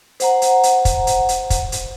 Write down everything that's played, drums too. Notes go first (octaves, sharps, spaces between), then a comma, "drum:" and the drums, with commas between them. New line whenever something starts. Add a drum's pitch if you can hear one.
C5 F#5 A#5, drum: hi-hat
drum: hi-hat
drum: hi-hat
drum: kick, hi-hat
drum: hi-hat
drum: hi-hat
drum: kick, hi-hat
drum: hi-hat